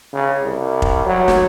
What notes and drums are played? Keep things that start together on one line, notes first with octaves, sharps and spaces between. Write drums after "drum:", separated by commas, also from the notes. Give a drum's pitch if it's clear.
C#3
C2
drum: kick F1
F#3
drum: snare